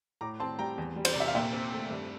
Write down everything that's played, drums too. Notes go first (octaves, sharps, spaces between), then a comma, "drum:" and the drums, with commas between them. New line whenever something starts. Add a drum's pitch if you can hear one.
A2 A#5 D6
C4 A5 C6
G3 G5 A#5
E2
G3
C5, drum: cymbal
D5
C3 E5
F5
A#2 E5 G5
C4
A3
G2